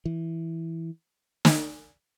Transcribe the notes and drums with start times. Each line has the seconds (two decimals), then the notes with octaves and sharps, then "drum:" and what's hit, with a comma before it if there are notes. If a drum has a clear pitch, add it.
0.05 E3
1.45 drum: snare